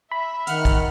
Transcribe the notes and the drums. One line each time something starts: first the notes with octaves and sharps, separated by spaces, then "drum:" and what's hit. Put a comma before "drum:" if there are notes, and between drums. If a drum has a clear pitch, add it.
E5 B5
D#3 F#5 F6, drum: hi-hat
drum: kick, hi-hat